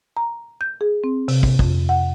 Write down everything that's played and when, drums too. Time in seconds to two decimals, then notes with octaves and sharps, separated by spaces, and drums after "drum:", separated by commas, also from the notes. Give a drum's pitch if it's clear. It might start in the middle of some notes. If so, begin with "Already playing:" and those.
0.17 A#5
0.61 G6
0.81 G#4
1.04 C4
1.28 C3, drum: open hi-hat
1.43 drum: kick
1.59 F2, drum: kick
1.89 F#5